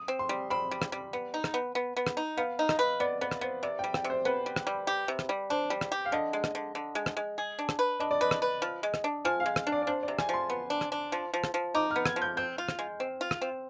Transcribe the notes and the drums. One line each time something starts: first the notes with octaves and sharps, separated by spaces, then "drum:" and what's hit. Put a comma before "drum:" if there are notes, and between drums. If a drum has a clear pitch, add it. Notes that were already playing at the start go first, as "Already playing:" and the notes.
Already playing: D#6
C4
C6
G3
C4 B5
G3
drum: rim click
G3
B3
D#4
drum: rim click
B3
B3
B3
drum: rim click
D#4
B3 F5
D#4
D#5, drum: rim click
B4
B3 D5
B3 B4
drum: rim click
B3 C5
C3 D5
G3 G5
G5, drum: rim click
C3
C5
B3 B4
G3
drum: rim click
G3
G4
C3
drum: rim click
G3
D4 C5
G3
drum: rim click
G4
F5
D3 D#5
G#3
drum: rim click
D3
D3
G#3
drum: rim click
G#3
G#4
D4
drum: rim click
B4
D4 D#5
D5
B4 D#5
drum: rim click
B4
F3
G#3
drum: rim click
D4
F3 G#5
F5
G#3
drum: rim click
D4
D5
D5
D4 C5
D5
C3
G#5, drum: rim click
F3 C6
B3
D4
drum: rim click
D4
F3
F3
drum: rim click
F3
D#4 D6
B3 F6
G#6, drum: rim click
F3
G6
C4 G6
F4
drum: rim click
G#3
C4
F4
drum: rim click
C4